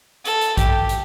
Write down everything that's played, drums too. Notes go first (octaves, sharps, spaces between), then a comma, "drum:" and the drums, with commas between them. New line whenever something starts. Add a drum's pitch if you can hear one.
A4, drum: hi-hat
drum: hi-hat
G4, drum: kick A1, hi-hat
drum: hi-hat